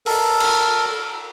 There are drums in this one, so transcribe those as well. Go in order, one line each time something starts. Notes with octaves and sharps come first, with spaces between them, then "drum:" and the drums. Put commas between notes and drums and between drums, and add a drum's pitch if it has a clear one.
A4 A#4, drum: open hi-hat
drum: cymbal